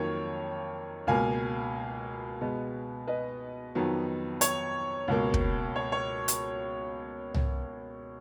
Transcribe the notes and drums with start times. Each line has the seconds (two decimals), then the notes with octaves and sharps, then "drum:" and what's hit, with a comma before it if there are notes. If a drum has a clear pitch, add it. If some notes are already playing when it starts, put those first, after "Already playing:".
Already playing: F2 D#3 F#3 A#3 C#5
1.07 C#2 B2 A#3 F5 G#5
2.41 B2 G#3 B3
3.07 B4 D#5
3.75 F2 D#3 F#3 B3
4.41 C#5, drum: hi-hat
5.08 C#2 B2 A#3
5.34 drum: kick
5.76 C#5
5.92 C#5
6.28 drum: hi-hat
7.34 drum: tom